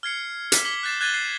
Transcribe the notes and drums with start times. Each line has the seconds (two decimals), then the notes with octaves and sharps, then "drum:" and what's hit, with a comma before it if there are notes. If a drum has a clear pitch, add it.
0.03 F6 G#6 C7 C#7
0.52 D6 B6, drum: hi-hat
0.65 D6 F6 G#6 B6 F#7 G7
0.83 F#6 G6 A6 C7 E7
1.01 F#6 G#6 A6 D#7 G7
1.14 C7